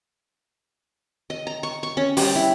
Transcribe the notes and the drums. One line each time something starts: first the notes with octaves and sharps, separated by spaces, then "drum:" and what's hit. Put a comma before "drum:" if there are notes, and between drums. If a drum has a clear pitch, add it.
D#5
A#5
C#6
C#6
C#4
G3, drum: open hi-hat
E4